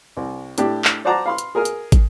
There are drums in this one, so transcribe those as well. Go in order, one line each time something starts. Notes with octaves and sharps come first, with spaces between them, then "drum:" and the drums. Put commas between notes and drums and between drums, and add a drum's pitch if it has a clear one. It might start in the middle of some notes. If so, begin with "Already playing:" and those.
C2
A2 D4 G4, drum: hi-hat
drum: clap
C5 D5 F#5 A5 A#5 D6
F5 B5 C6
drum: hi-hat
G#4 A#4 G#5 F6
drum: hi-hat
drum: kick, hi-hat